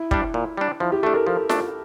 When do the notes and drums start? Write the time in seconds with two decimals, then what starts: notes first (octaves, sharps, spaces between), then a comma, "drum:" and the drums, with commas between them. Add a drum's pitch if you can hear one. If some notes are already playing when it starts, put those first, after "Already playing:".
Already playing: E4
0.11 G3 D4, drum: kick
0.34 A#2
0.57 G3 D4
0.80 F3 E4
0.92 G4
1.03 A3 D4 A4
1.14 A#4
1.26 F3 A4
1.49 A3 D4, drum: snare F4